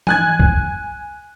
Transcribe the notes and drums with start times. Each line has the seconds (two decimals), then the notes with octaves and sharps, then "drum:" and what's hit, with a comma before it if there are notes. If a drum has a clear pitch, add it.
0.07 G#5 F#6 G#6, drum: tom E3
0.40 drum: kick